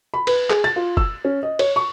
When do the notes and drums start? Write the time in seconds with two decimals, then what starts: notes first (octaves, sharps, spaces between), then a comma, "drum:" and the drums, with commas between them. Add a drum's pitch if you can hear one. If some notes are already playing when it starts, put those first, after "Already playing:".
0.14 B5
0.27 B4, drum: cymbal
0.50 G#4, drum: clap
0.64 A6
0.76 F4
0.97 E6, drum: kick F#1
1.25 C#4
1.43 D#5
1.59 C#5, drum: cymbal
1.76 C#6